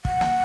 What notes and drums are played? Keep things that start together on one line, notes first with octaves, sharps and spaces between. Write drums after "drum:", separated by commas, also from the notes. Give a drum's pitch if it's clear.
F#5, drum: kick
drum: snare